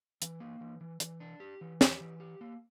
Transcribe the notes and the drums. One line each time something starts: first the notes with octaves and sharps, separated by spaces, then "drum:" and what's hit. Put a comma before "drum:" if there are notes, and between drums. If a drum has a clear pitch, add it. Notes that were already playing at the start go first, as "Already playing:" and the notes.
E3, drum: hi-hat
A#3
E3
E3
E3, drum: hi-hat
D4
G4
E3
G4, drum: snare
E3
G4
A#3